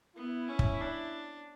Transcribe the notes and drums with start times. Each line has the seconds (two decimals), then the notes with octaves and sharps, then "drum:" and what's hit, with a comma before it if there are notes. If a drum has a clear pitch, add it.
0.16 B3 E4
0.49 C#4
0.59 drum: kick
0.81 D4